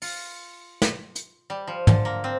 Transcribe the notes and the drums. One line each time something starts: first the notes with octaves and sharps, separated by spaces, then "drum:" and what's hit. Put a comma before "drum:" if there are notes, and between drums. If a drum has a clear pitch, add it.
F4, drum: open hi-hat
drum: snare
drum: hi-hat
G3
F3
D3, drum: tom
A#3
C4